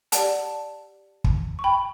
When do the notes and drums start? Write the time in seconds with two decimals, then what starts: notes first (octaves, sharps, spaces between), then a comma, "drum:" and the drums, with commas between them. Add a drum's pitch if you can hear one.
0.12 G4 D5 F#5 A5, drum: hi-hat
1.24 drum: kick
1.59 C#6
1.64 G5 B5